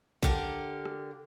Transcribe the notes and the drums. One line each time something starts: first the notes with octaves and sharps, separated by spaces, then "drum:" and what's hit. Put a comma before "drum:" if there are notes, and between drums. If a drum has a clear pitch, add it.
D3 G4 A#4, drum: kick A#1
drum: rim click